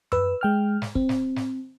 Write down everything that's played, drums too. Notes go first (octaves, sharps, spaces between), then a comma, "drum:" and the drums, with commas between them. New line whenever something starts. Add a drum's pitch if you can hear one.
B4 E6, drum: tom F#2
G#3 G5 F6
drum: snare
C4, drum: kick
drum: snare
drum: snare